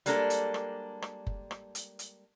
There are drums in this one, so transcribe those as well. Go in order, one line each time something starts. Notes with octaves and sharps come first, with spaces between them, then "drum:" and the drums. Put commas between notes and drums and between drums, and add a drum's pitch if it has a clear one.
G3 G#3 A#3 D4 G#4 A4, drum: hi-hat
drum: hi-hat
drum: rim click
drum: rim click
drum: kick F#1
drum: rim click
drum: hi-hat
drum: hi-hat